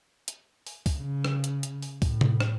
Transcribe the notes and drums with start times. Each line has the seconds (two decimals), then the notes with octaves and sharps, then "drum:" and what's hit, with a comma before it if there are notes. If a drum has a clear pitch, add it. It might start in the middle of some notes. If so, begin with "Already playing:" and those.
0.28 drum: hi-hat
0.67 drum: open hi-hat
0.86 drum: kick C#2, open hi-hat
0.97 C#3
1.25 drum: rim click
1.44 drum: hi-hat
1.63 drum: hi-hat
1.82 drum: open hi-hat
2.02 A2, drum: kick C#2, open hi-hat
2.21 drum: tom C3
2.40 drum: rim click